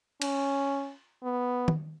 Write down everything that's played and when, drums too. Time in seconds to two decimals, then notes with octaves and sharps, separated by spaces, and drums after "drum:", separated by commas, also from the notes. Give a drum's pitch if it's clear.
0.22 C#4, drum: cymbal
1.23 B3
1.68 drum: tom